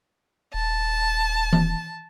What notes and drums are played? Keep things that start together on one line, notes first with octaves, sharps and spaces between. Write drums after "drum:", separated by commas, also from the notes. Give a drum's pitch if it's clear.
D#1 A5
drum: tom E3